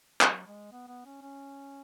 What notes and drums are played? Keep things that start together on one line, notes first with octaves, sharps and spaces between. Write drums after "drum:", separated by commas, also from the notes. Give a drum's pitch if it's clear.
F#3, drum: clap
G#3
B3
B3
C#4
C#4